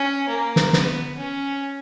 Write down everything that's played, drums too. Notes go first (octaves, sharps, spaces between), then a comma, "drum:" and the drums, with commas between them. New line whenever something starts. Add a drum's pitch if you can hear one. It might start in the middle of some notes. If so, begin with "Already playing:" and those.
Already playing: C#4
A#3
drum: snare
B3, drum: snare
C#4